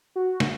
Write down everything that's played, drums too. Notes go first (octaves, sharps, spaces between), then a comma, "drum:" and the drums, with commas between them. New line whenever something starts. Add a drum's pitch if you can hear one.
F#4
drum: snare